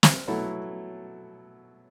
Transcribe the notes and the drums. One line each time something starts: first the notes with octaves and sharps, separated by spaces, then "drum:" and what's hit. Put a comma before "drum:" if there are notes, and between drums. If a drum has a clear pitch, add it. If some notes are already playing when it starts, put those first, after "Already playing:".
drum: snare
B2 F#3 A3 E4 A4